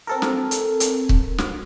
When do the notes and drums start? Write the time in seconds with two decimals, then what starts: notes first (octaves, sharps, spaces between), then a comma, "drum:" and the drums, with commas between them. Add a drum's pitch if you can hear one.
0.07 C4 A4 A#4
0.22 drum: snare
0.51 drum: hi-hat
0.80 drum: hi-hat
1.09 drum: kick C#1
1.38 drum: snare